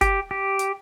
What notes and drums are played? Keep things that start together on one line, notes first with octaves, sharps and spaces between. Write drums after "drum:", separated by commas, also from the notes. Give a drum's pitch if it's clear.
G4, drum: kick F#1, hi-hat
G4
drum: hi-hat